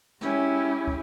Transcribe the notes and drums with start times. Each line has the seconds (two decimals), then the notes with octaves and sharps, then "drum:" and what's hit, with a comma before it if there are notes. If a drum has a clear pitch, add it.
0.21 G#3 C#4 E4 G4 G#5, drum: snare
0.87 drum: kick